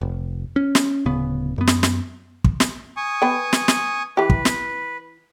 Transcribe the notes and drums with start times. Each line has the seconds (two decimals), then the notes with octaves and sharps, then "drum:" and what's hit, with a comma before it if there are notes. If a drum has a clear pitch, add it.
0.01 F1
0.56 C#4
0.75 drum: snare
1.06 D1 C#3 B3
1.58 F#2 B3
1.67 drum: snare
1.83 drum: snare
2.45 drum: kick
2.60 drum: snare
2.97 G#5 C#6 D#6
3.22 B3 G5
3.53 drum: snare
3.68 drum: snare
4.17 E3 G4 B4
4.30 drum: kick
4.45 drum: snare